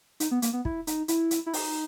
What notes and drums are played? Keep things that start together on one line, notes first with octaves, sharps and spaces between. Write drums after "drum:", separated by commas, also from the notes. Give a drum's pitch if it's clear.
D#4, drum: hi-hat
B3
A#3, drum: hi-hat
B3
E4, drum: kick
D#4, drum: hi-hat
E4, drum: hi-hat
drum: hi-hat
E4
D#4, drum: open hi-hat